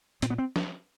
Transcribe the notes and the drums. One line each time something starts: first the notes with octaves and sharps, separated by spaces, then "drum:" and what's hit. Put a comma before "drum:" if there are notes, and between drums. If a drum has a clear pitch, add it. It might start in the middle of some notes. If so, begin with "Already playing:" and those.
A#2 C4, drum: hi-hat
B3
C4
drum: snare